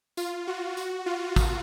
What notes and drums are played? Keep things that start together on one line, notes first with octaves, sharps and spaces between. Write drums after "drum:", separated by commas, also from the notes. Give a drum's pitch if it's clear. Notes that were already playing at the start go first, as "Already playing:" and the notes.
F4, drum: tambourine
F#4
F#4, drum: tambourine
F4
drum: kick, tambourine